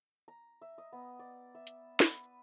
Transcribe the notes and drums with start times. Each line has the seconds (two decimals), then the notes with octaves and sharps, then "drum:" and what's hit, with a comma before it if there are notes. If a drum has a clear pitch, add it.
0.28 A#5
0.61 E5
0.78 D#5
0.92 B3
1.19 D5
1.55 E5
1.67 drum: hi-hat
2.00 B4, drum: snare